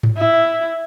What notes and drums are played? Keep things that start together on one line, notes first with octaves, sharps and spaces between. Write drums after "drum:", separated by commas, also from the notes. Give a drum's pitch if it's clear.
drum: tom G#2
E4